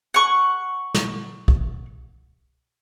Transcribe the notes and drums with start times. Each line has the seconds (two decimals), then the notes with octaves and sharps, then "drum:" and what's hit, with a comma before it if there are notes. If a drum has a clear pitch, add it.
0.14 F#5 C#6
0.95 drum: snare
1.48 drum: kick